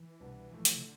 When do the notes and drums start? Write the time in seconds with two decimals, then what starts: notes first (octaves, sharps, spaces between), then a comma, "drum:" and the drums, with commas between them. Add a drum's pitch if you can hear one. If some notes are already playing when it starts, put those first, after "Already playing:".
Already playing: E3
0.20 C2 B2 B3 D4
0.51 B1 A2 F3 A3
0.65 drum: hi-hat
0.75 C3
0.81 D3